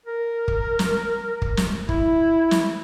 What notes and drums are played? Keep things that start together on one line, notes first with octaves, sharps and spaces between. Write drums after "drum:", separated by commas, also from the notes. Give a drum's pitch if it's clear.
A#4
drum: kick
drum: snare
drum: kick
drum: snare
E4, drum: kick
drum: snare